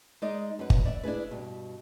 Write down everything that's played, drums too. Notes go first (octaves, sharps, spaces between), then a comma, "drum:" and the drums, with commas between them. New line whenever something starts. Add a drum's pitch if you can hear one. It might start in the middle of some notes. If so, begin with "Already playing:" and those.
G#3 D#4 D5 D#5
F#2 B4
drum: kick G1
D5 E5
D4 E4 G#4 B4
G2 B2